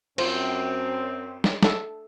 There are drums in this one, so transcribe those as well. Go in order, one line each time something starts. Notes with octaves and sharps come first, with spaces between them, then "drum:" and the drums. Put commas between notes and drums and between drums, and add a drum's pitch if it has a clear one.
F#2 C4 F4 C5, drum: cymbal
drum: snare
A4, drum: snare